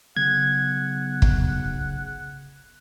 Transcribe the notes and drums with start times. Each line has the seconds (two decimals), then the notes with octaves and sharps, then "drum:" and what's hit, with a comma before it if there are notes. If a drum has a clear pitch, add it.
0.17 B1 C#3 F#5 G#6
1.22 drum: kick